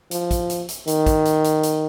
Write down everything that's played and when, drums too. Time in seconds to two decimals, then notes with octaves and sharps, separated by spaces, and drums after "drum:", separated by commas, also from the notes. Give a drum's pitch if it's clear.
0.11 F3, drum: hi-hat
0.31 drum: kick, hi-hat
0.50 drum: hi-hat
0.69 drum: hi-hat
0.87 D#3, drum: hi-hat
1.06 drum: kick, hi-hat
1.25 drum: hi-hat
1.44 drum: hi-hat
1.63 drum: hi-hat